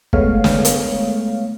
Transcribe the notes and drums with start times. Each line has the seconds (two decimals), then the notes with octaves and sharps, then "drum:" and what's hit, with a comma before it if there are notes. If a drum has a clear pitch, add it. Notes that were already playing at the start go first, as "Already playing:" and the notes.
0.13 G#3 A3 B3 C#5 F5, drum: kick
0.44 drum: snare
0.65 drum: hi-hat